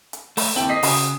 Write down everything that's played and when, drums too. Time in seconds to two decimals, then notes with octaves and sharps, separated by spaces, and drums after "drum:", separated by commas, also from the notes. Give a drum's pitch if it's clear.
0.13 drum: hi-hat
0.37 A3, drum: open hi-hat
0.56 D#2 C4 E4 A4 G5 F#7
0.69 D#5 B6 C7
0.83 C#3 F#4 G#5 D#6, drum: open hi-hat